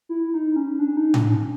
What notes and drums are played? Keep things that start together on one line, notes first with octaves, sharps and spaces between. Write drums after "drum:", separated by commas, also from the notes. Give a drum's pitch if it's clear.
E4
D#4
C#4
D4
D#4
D4, drum: tom A2
C#4